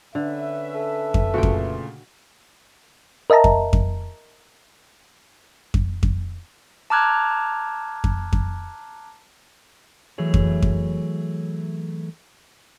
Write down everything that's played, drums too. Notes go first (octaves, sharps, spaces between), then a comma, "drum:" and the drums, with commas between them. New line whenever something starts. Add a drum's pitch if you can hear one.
D3 C#4 B4 E5
A4
drum: kick F2
A#2 C#3 A3 F#4 G5
drum: kick F2
A#4 D#5 E5 A5 A#5
drum: kick F2
drum: kick F2
drum: kick F2
drum: kick F2
A5 A#5 D6 F6 F#6 G#6
drum: kick F2
drum: kick F2
E3 F#3 A3 G#4 C#5
drum: kick F2
drum: kick F2